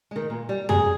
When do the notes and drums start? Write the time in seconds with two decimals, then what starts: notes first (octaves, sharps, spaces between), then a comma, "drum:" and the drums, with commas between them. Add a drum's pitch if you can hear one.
0.11 D#3 G#3
0.30 A#2
0.49 G3
0.69 C3 G#4, drum: tom F2